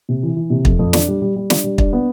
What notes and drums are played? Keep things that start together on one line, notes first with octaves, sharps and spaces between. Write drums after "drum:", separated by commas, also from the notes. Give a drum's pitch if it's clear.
C3
E3
E3
C3
F2, drum: kick
F2
D4, drum: snare
G3
G3
G3
D4, drum: snare
G3
D4, drum: kick
B3